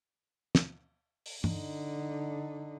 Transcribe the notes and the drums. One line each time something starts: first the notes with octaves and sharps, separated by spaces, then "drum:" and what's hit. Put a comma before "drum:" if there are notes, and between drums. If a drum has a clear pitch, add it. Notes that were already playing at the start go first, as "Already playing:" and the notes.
drum: snare
drum: open hi-hat
D3 D#4, drum: tom G2